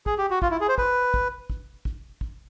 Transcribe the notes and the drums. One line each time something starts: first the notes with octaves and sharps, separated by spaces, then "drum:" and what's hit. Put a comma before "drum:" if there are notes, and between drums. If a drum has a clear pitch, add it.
G#4, drum: kick
G4
F#4
F4, drum: kick
E4
G#4
C5
B4, drum: kick
drum: kick
drum: kick
drum: kick
drum: kick